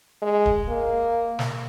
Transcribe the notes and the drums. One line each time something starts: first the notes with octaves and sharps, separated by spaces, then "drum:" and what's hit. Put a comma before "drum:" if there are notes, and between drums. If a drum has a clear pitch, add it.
G#3
drum: kick D1
A#3
drum: snare